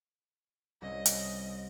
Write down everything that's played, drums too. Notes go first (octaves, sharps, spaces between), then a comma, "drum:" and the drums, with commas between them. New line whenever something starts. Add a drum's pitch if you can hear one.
C2 C#4 D#5
drum: hi-hat